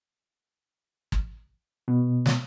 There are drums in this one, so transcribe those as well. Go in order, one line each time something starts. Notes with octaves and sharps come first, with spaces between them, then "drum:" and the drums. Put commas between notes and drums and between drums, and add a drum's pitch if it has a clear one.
drum: kick
B2
drum: snare